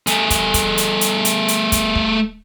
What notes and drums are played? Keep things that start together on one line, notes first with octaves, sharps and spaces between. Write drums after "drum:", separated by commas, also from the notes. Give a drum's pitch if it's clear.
A3 G#4, drum: hi-hat
drum: kick, hi-hat
drum: kick, hi-hat
drum: hi-hat
drum: hi-hat
drum: hi-hat
drum: hi-hat
drum: kick, hi-hat
drum: kick